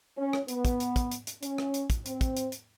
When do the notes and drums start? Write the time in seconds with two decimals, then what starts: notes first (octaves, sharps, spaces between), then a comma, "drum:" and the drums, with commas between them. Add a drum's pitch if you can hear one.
0.18 C#4
0.33 drum: rim click
0.48 B3, drum: hi-hat
0.65 drum: kick, hi-hat
0.80 drum: hi-hat
0.96 drum: kick, hi-hat
1.12 drum: hi-hat
1.27 drum: hi-hat
1.43 C#4, drum: hi-hat
1.58 drum: rim click
1.74 drum: hi-hat
1.90 drum: kick, hi-hat
2.06 C4, drum: hi-hat
2.21 drum: kick, hi-hat
2.37 drum: hi-hat
2.52 drum: hi-hat